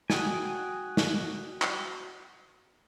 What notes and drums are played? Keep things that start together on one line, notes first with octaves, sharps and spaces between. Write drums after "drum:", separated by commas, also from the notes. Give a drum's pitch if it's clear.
F#4 G#4 G5 G#5, drum: snare
drum: snare
drum: clap